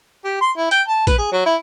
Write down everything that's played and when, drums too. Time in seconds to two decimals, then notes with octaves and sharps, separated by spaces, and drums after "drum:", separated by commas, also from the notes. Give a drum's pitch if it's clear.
0.25 G4
0.41 C6
0.57 E4
0.71 G5, drum: hi-hat
0.88 A5
1.07 B4, drum: kick, hi-hat
1.18 G#4
1.32 F#3
1.46 E4